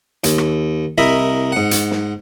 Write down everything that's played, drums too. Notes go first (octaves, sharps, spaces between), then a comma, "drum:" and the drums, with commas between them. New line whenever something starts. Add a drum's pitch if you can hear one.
D#2, drum: hi-hat
drum: rim click
C2 E4 A#4 D#5 E5 B5
G#2 F#5
drum: hi-hat
drum: snare